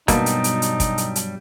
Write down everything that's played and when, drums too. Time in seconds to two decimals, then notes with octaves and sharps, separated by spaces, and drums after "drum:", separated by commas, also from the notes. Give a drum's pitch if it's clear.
0.08 G2 B2 F#3 G3 A#3 D#4 A5 B5, drum: kick, hi-hat
0.26 drum: hi-hat
0.44 drum: hi-hat
0.62 drum: hi-hat
0.80 drum: kick, hi-hat
0.98 drum: hi-hat
1.16 drum: hi-hat